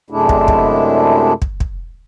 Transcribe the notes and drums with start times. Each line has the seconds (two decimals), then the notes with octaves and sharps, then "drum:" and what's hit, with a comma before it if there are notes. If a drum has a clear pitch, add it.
0.10 F#2 C3 G#3 A3 D4 E4
0.29 drum: kick
0.48 drum: kick
1.42 drum: kick
1.60 drum: kick